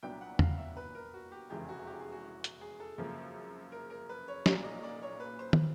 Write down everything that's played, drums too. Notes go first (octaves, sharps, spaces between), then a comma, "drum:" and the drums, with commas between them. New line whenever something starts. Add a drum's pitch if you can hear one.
C2 A#2 F#3 B3 D4 G5
F#5
F5, drum: tom E2
E5
B4
A#4
F#4
G4
F1 E2 C#3 E3 G#3 G4
F#4
G4
G#4
F#4
drum: hi-hat
G#4
A4
F#2 C#3 F3 A#3
A#4
A#4
B4
C#5
B1 A#2 F#3 A#3 C#4 D5, drum: snare
D#5
D5
C#5
B4
C5
drum: tom